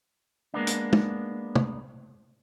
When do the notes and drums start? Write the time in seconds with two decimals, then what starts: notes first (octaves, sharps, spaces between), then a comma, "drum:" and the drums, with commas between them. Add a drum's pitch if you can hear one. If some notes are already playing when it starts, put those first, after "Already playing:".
0.54 G#3 A#3 B3 D4
0.67 drum: hi-hat
0.93 drum: tom
1.55 drum: tom